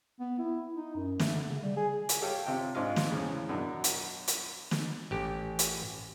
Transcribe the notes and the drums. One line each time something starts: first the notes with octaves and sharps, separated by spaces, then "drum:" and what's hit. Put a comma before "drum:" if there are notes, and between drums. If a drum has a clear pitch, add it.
B3
E4
D#4
F#2
A3, drum: snare
D3
C#3
G3
G#4
drum: hi-hat
G4 A4 C#5 F5 G5
C3 F4 G5
G#2 D4 F4 D#5 F5
drum: snare
E2 A2 C#3
F#2 B2 D4
drum: hi-hat
drum: hi-hat
drum: snare
A1 G4
drum: hi-hat